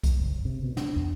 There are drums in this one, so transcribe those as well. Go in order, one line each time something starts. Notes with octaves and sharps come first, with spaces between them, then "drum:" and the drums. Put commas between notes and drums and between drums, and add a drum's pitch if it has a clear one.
drum: kick C2, hi-hat
F#1
C3
B2
D4, drum: snare
E2